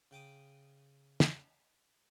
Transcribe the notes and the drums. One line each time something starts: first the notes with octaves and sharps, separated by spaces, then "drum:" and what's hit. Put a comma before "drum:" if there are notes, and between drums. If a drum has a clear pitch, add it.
C#3 G5 D6 D#6
drum: snare